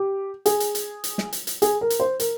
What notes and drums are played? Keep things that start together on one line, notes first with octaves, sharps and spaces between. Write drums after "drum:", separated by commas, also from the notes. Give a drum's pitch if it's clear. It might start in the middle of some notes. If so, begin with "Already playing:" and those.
Already playing: G4
G#4, drum: hi-hat
drum: hi-hat
drum: hi-hat
drum: hi-hat
drum: snare
drum: hi-hat
drum: hi-hat
G#4, drum: hi-hat
A#4
drum: hi-hat
C5
A#4, drum: hi-hat